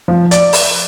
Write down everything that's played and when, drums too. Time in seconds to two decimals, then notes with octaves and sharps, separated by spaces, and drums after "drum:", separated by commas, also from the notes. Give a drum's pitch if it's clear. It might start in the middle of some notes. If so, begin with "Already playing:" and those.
0.08 F3
0.31 D5, drum: hi-hat
0.53 drum: open hi-hat